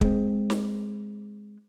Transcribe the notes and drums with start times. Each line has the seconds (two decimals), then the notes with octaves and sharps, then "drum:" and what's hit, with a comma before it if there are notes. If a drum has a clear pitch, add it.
0.01 G#3 C4, drum: kick
0.50 drum: snare